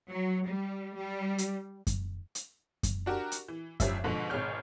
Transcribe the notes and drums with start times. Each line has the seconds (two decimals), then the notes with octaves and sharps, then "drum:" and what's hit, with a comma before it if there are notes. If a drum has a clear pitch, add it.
0.11 F#3
0.47 G3
0.95 G3
1.38 drum: hi-hat
1.87 drum: kick F#2, hi-hat
2.35 drum: hi-hat
2.83 drum: kick F#2, hi-hat
3.06 D4 F#4 G4 A#4
3.32 drum: hi-hat
3.48 E3
3.80 G#1 F3 G3 C#4 E5, drum: kick F#2, hi-hat
4.04 G#2 B2 D3 F3
4.30 G#1 B2 G#4 C#5 F6 G6